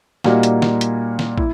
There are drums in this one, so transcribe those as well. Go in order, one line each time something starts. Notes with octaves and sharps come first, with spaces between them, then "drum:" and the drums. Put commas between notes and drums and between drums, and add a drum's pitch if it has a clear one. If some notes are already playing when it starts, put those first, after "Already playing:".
A#2 G3 A#3 D#4 F#4, drum: snare
drum: hi-hat
drum: snare
drum: hi-hat
drum: snare
E4, drum: kick